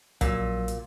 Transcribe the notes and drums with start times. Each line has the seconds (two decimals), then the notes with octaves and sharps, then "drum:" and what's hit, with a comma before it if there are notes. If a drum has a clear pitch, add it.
0.21 A#1 A#2 F#3 E6, drum: kick, hi-hat
0.68 drum: hi-hat